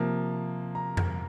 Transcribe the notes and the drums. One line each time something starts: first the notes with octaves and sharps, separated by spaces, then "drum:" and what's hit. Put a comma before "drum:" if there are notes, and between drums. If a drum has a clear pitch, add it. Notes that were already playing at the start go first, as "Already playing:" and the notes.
Already playing: C3 F3 A#3
A#5
drum: tom F2